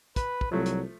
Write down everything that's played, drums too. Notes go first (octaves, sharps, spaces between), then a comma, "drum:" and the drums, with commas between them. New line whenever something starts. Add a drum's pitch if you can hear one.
B4, drum: kick, hi-hat
drum: kick
C2 F3 F#3 A3
drum: hi-hat